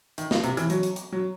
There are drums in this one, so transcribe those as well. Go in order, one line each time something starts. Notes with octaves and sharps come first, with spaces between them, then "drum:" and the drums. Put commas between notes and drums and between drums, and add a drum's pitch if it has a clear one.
D#3, drum: hi-hat
B2, drum: snare
C3, drum: hi-hat
E3, drum: hi-hat
F#3, drum: hi-hat
drum: hi-hat
drum: hi-hat
F#3